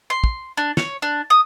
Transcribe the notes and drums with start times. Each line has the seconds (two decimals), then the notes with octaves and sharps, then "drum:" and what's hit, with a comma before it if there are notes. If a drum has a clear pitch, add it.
0.10 C6
0.24 drum: kick
0.57 D4
0.77 C#5, drum: snare
1.02 D4
1.30 D#6